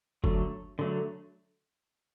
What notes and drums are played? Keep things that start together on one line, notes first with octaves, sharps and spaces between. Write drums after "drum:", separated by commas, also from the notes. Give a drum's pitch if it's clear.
D3 F#3 A3, drum: kick F#1
D3 F#3 A3